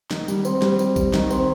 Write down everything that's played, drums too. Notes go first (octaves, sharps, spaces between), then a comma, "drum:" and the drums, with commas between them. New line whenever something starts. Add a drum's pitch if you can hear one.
D#3, drum: snare
G3, drum: tambourine
C4, drum: tambourine
G3, drum: snare
C4, drum: tambourine
G3, drum: kick A#1, tambourine
D#3, drum: snare
C4, drum: tambourine